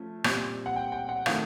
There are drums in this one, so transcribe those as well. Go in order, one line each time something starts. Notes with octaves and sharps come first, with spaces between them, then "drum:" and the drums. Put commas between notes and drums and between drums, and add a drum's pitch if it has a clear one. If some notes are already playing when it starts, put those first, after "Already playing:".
Already playing: F3 A3 C#4
A#2 G3 C4, drum: rim click
F#5
G5
G5
F#5
D#3 F#3 A3 C4 D#4 F5, drum: rim click